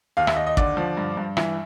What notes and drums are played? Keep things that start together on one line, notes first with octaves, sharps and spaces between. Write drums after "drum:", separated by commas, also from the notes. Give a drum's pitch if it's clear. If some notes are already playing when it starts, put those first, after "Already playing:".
D#2 F5
E5, drum: rim click
D#2 D#5
D#5
D3 D5, drum: kick
F3
G2
G2
E3 E5, drum: rim click